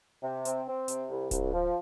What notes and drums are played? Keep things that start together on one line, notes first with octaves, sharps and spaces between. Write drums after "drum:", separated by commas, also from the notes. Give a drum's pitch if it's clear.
C3
C4, drum: hi-hat
C4
C3, drum: hi-hat
C2
C2, drum: kick D1, hi-hat
F3